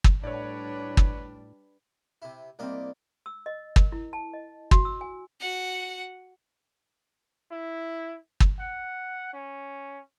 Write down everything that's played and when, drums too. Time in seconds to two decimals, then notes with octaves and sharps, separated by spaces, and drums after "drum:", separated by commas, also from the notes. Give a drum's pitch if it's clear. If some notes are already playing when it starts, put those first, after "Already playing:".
0.04 drum: kick
0.24 A2 G3 D4 B4 C#5 D5
0.97 drum: kick
2.22 C3 E4
2.59 C2 A#3 C4 E4 D5 D#5
3.26 E6
3.46 D#5
3.76 A#4, drum: kick
3.92 E4
4.13 A5
4.33 D#5
4.71 F#4, drum: kick
4.85 E6
5.01 G#5
5.40 F#4 F#5
7.51 E4
8.40 drum: kick
8.60 F#5
9.33 C#4